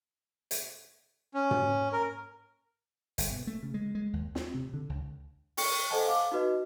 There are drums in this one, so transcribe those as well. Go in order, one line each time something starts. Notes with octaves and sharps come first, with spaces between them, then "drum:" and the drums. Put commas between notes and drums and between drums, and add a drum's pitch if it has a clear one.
drum: hi-hat
C#4
drum: tom
A#4
G1, drum: hi-hat
B2
A3
C#3
G#3
G#3
D#2
C4, drum: snare
C3
D3
C#2
G5 C#6 C#7, drum: open hi-hat
A4 C5 D#5 F#5 G#5 A5
F5 D6
D#4 F#4 B4 D#5